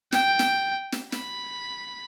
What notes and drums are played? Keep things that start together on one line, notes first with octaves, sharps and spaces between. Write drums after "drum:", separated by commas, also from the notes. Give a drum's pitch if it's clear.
G5, drum: snare
drum: snare
drum: snare
B5, drum: snare